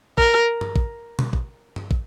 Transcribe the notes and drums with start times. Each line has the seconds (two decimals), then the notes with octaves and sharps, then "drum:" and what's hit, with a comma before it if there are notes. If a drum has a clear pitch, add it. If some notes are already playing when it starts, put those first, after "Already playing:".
0.18 A#4, drum: kick
0.61 drum: tom G2
0.76 drum: kick
1.19 drum: tom B2
1.33 drum: kick
1.76 drum: tom G2
1.91 drum: kick